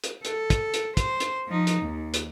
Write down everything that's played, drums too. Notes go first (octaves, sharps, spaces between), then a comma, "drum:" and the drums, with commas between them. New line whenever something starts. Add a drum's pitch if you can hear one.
drum: hi-hat
A4, drum: hi-hat
drum: kick, hi-hat
drum: hi-hat
C5, drum: kick, hi-hat
drum: hi-hat
F3 D#4
drum: hi-hat
D#2
drum: hi-hat